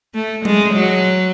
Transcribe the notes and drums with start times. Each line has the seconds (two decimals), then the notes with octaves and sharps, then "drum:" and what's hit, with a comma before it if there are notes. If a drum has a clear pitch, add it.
0.15 A3
0.45 G#3, drum: tom F#3
0.74 F#3